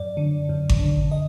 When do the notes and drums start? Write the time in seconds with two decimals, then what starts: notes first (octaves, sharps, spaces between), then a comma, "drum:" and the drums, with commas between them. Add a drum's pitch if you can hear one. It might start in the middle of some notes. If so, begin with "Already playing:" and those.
Already playing: F#2 D5
0.17 D3
0.49 F#2
0.69 drum: kick G#1
0.79 D3
1.12 D#5